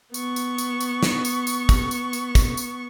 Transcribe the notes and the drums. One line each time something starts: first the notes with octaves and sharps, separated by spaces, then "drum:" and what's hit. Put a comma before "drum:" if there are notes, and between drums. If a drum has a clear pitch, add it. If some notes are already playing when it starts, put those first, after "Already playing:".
B3 C#6, drum: tambourine
drum: tambourine
drum: tambourine
drum: tambourine
drum: snare
drum: tambourine
drum: tambourine
drum: kick, tambourine
drum: tambourine
drum: tambourine
drum: kick, tambourine
drum: tambourine